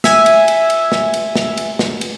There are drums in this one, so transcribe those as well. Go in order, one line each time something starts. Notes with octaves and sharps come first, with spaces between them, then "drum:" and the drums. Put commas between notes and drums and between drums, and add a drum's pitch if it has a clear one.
E5 G#5, drum: snare
drum: cymbal
drum: cymbal
drum: cymbal
drum: snare
drum: cymbal
drum: snare
drum: cymbal
drum: snare
drum: cymbal